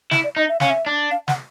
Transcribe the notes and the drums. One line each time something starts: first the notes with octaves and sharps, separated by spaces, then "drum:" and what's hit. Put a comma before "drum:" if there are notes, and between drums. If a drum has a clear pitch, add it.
E4, drum: snare
D5
D#4 D#5
E5
C#4 F5, drum: snare
E5
D4
F5
F#5, drum: snare